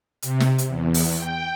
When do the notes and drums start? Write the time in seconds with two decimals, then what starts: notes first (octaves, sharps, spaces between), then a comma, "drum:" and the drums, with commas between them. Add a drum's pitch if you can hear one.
0.22 C3, drum: hi-hat
0.40 drum: snare
0.58 drum: hi-hat
0.68 E2
0.94 drum: open hi-hat
1.18 G5